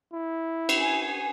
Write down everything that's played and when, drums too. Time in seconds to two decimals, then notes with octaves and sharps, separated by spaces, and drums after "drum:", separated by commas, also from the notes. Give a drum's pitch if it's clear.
0.14 E4
0.69 drum: cymbal
0.79 G#5